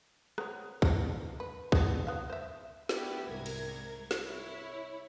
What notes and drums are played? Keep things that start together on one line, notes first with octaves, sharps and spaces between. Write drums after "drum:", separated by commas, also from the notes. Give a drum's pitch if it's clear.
B3 C4 C#5, drum: rim click
G3 D4 A#5, drum: kick
B4
B3 G#4, drum: kick
B3 F5
C5 E5
B3 D4 E4 F#4 G4 B4, drum: snare
C2 G#2 A#4 G#6
drum: cymbal
drum: snare
E4 C#5